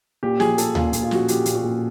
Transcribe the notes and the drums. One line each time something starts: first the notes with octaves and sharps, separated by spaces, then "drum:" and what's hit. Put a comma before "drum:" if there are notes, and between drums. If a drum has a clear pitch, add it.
A#2 G4
F3 G#4, drum: snare
F3 A4, drum: hi-hat
A#2 F4, drum: tom D2
A#2, drum: hi-hat
F4
F3 F#4, drum: snare
F3 G4, drum: hi-hat
A#2, drum: hi-hat
F#4
A#2